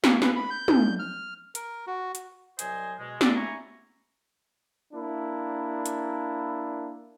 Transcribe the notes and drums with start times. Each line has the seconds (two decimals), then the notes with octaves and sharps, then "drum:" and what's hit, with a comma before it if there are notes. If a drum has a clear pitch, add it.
0.04 A#3, drum: snare
0.22 B4, drum: snare
0.36 B5
0.51 G6
0.68 drum: tom
0.99 F6
1.55 A#4, drum: hi-hat
1.87 F#4
2.15 drum: hi-hat
2.59 C2 F#3 C5 D#5 G#5, drum: hi-hat
2.98 B2 G#3
3.21 D5, drum: snare
3.35 E5 G#5 A#5 B5 C#6
4.93 A#3 D4 E4
5.86 drum: hi-hat